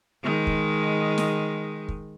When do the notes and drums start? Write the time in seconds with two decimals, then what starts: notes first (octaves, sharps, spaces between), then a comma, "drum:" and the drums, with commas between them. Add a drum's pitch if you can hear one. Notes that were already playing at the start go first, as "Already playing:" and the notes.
0.23 D#3 G#3
0.47 drum: kick
1.18 drum: snare
1.88 drum: kick